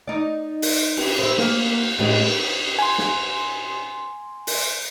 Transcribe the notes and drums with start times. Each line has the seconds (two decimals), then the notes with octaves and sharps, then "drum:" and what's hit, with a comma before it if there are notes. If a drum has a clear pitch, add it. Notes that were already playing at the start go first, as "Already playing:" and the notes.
0.08 D#4 D5
0.62 drum: open hi-hat
0.97 drum: cymbal
1.19 E4 C5
1.38 A#3, drum: snare
1.99 A2 G#3, drum: cymbal
2.79 G#5 C6
2.98 drum: snare
4.47 drum: open hi-hat